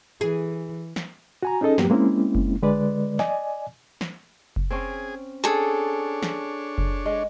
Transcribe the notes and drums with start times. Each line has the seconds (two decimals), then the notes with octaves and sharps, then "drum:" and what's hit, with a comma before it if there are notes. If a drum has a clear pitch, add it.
0.21 E3 G#4
0.96 drum: snare
1.43 F#4 G#5 A#5
1.61 C#4 D#4 G#4 A4 D#5
1.78 G2 F#3 A#3 B3 G4, drum: snare
1.90 G#3 A#3 C4 C#4 E4
2.35 drum: kick F#1
2.62 D3 G#3 B4 D5
3.19 D5 D#5 G#5, drum: snare
4.01 drum: snare
4.56 drum: kick F#1
4.71 C4 C#4 G#4
5.44 D4 G#4 A4 C#5
6.23 drum: snare
6.78 drum: kick F#1
7.06 G#3